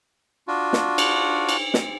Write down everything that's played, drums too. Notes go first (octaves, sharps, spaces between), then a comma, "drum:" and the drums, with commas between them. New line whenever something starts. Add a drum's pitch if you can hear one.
D4 F4 F#4
drum: snare
drum: cymbal
drum: cymbal
drum: snare